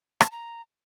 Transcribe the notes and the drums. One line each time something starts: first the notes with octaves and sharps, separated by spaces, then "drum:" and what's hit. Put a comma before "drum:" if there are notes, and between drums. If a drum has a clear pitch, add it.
A5, drum: rim click
A#5